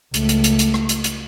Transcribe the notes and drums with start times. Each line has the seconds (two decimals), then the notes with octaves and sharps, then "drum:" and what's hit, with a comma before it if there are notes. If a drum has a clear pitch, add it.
0.14 C#2 A3, drum: hi-hat
0.29 drum: hi-hat
0.44 drum: hi-hat
0.59 drum: hi-hat
0.74 drum: rim click
0.89 drum: hi-hat
1.04 drum: hi-hat